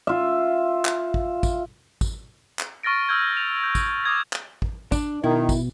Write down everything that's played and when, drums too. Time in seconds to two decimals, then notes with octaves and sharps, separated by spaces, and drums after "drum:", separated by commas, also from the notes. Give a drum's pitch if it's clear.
0.07 F4 E5
0.85 drum: clap
1.14 drum: kick
1.43 drum: kick, tambourine
2.01 drum: kick, tambourine
2.59 drum: clap
2.83 C#6 F6 A6 A#6 D7
3.09 E6 F6 G6 G#6
3.33 F6 F7
3.63 G6
3.75 drum: kick, tambourine
4.04 D6 D#6 G#6 A#6
4.33 drum: clap
4.62 drum: kick
4.92 D4, drum: kick, tambourine
5.24 B2 D#3 E4
5.49 drum: kick, tambourine